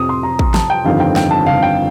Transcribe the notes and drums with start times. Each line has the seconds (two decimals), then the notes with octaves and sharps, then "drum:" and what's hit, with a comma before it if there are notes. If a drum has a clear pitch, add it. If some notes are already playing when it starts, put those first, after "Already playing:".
Already playing: F2 C3 F3 D#6
0.09 C6
0.23 A#5
0.39 drum: kick A1
0.54 A5, drum: snare
0.70 G5
0.85 G1 F2 D#3 G3 C4 F5
1.00 G5
1.16 G5, drum: snare
1.31 A5
1.46 F5, drum: tom C3
1.62 G5